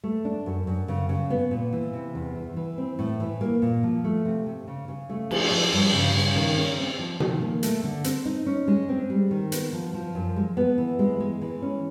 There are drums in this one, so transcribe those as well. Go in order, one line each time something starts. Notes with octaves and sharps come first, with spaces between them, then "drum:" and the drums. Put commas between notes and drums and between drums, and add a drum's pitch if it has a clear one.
A3
D4
F#2
F#2
C#3
C#3
B3
A#2
E3
C3
E2
E3
E3
C4
A2
E3
A#3
A#2
F3
A3
C3
C3
C#3
C#3
A3
F3, drum: cymbal
F3
G2
C#3
C#3
D#3
C#4
C4
F3
D#3, drum: tom B2
A#3
A3, drum: hi-hat
D3
C4, drum: hi-hat
D#4
C#4
G#3
C4
G3
D#3
B3, drum: hi-hat
F3
F3
F#2
G#3
B3
E3
G#3
G#3
E3
C#4